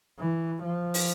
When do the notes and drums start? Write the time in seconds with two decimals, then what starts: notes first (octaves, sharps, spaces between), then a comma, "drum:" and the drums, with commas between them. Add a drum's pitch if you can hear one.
0.19 E3
0.63 F3
0.94 drum: open hi-hat